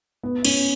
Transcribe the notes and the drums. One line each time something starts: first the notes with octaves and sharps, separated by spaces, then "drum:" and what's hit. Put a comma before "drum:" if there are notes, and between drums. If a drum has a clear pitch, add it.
B3
C#4, drum: cymbal